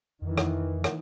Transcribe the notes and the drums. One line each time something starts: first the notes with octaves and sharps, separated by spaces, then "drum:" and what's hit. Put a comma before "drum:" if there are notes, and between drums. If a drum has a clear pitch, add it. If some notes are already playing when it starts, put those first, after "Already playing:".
F2 D#3 E3
drum: rim click
drum: rim click